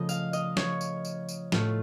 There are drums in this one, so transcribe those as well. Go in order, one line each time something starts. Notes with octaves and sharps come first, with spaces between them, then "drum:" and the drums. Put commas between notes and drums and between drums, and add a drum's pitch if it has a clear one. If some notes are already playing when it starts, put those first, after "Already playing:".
Already playing: C#3 F3 A3 D#5
F5, drum: tambourine
D#5, drum: tambourine
C#5, drum: snare
drum: tambourine
drum: tambourine
drum: tambourine
A2 A3 F4, drum: snare